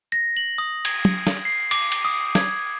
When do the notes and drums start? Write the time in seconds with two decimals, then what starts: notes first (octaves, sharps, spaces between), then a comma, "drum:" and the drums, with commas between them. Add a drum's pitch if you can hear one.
0.12 A#6
0.37 F#7
0.58 D#6
0.85 G#6, drum: cymbal
1.05 drum: tom
1.27 drum: snare
1.45 C7
1.71 D6, drum: cymbal
1.92 drum: cymbal
2.05 D#6
2.35 G#6, drum: snare